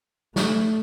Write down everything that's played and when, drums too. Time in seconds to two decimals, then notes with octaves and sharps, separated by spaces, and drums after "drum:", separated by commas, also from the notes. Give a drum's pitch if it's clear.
0.36 A3, drum: snare